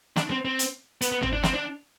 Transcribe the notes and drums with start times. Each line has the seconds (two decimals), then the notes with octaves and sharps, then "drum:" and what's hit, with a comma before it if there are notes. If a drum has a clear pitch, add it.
0.16 D4, drum: snare
0.31 C4
0.45 C4
0.59 drum: hi-hat
1.01 B3, drum: hi-hat
1.12 B3
1.22 C4, drum: tom
1.33 D4
1.43 C4, drum: snare
1.54 D4